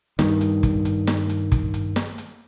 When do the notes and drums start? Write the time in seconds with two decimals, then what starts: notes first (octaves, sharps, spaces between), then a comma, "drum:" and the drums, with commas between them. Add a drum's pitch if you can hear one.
0.19 G2 D#3, drum: snare
0.41 drum: hi-hat
0.63 drum: kick, hi-hat
0.85 drum: hi-hat
1.07 drum: snare
1.30 drum: hi-hat
1.52 drum: kick, hi-hat
1.74 drum: hi-hat
1.96 drum: snare
2.18 drum: hi-hat